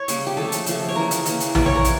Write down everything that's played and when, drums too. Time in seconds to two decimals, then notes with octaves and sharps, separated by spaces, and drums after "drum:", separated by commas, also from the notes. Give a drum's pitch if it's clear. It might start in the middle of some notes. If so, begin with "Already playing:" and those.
Already playing: C#5
0.08 C#3 G3 A#3, drum: hi-hat
0.27 G4
0.37 C#3 F3 A3 A4
0.52 drum: hi-hat
0.66 C#3 F3 A3, drum: hi-hat
0.89 C#5
0.96 E3 A#3 A#4
1.11 drum: hi-hat
1.26 E3 A#3, drum: hi-hat
1.40 drum: hi-hat
1.55 E3 G3 A#3 D5, drum: tom A#1
1.66 C#5
1.75 A#4
1.85 E3, drum: hi-hat